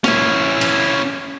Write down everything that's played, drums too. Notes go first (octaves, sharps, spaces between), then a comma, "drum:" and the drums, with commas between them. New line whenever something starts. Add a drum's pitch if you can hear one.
C#4 E4, drum: snare
drum: cymbal